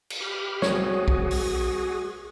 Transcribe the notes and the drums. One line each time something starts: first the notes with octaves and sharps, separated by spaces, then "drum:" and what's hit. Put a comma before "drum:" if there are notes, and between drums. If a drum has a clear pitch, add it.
drum: cymbal
G4 B5 F6
C2 F#4 G#4 C#5, drum: snare
drum: kick A#1
drum: open hi-hat